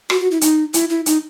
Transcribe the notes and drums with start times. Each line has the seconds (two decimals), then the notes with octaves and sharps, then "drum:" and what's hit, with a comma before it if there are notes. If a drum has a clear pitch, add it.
0.10 F#4, drum: rim click
0.21 F#4
0.31 E4
0.41 D#4, drum: hi-hat
0.74 E4, drum: hi-hat
0.90 E4
1.06 D#4, drum: hi-hat